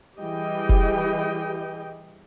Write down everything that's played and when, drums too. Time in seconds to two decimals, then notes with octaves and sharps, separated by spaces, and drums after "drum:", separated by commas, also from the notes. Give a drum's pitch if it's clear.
0.19 E3 G3 G4 G#4 D#5 G5
0.69 drum: kick F1